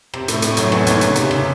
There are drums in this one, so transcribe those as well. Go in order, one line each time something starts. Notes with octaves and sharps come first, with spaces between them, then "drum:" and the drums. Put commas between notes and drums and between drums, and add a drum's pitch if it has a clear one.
C3 C4, drum: rim click
A2 A3, drum: hi-hat
A2 A3, drum: hi-hat
F#2 F#3, drum: hi-hat
E2 E3, drum: rim click
D#2 D#3, drum: hi-hat
C#3, drum: hi-hat
C3, drum: hi-hat
C#3, drum: rim click